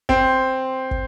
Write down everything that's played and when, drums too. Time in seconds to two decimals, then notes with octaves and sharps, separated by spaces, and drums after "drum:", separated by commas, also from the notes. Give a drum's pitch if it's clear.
0.09 C4, drum: kick
0.91 drum: kick